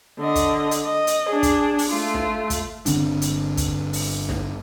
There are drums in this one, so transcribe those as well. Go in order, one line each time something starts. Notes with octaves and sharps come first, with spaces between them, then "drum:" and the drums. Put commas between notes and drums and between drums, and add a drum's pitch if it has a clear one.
D3 D#5
drum: kick, hi-hat
drum: hi-hat
D#5
drum: hi-hat
D4 G#4
drum: kick, hi-hat
drum: open hi-hat
A3 F4
drum: snare
drum: kick, hi-hat
G1 D3 C4 D4, drum: hi-hat
drum: hi-hat
drum: kick, hi-hat
drum: open hi-hat
drum: snare